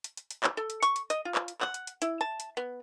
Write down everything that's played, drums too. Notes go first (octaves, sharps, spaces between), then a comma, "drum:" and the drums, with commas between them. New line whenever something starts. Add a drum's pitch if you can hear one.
drum: hi-hat
drum: hi-hat
drum: hi-hat
drum: clap
A4
drum: hi-hat
C#6, drum: hi-hat
drum: hi-hat
D#5, drum: hi-hat
F4
drum: clap
drum: hi-hat
F#5, drum: clap
drum: hi-hat
drum: hi-hat
E4, drum: hi-hat
A5
drum: hi-hat
B3